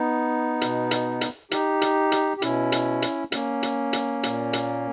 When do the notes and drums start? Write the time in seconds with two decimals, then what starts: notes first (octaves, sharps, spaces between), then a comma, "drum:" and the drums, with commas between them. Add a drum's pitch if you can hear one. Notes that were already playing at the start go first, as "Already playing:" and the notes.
Already playing: B3 D#4
0.61 B2, drum: hi-hat
0.91 drum: hi-hat
1.21 drum: hi-hat
1.51 D#4 G4, drum: hi-hat
1.82 drum: hi-hat
2.12 drum: hi-hat
2.37 G4
2.42 B2 C#4 E4, drum: hi-hat
2.72 drum: hi-hat
3.02 drum: hi-hat
3.32 A#3 C#4, drum: hi-hat
3.63 drum: hi-hat
3.93 drum: hi-hat
4.23 A#2, drum: hi-hat
4.53 drum: hi-hat